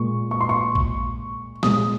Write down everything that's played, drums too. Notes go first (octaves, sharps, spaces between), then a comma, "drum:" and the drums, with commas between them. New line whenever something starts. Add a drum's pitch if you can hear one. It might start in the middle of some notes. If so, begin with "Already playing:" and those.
Already playing: A#2 G#3 C#6
C#6
C6
C#6
drum: kick
A#2 G#3 D#6, drum: snare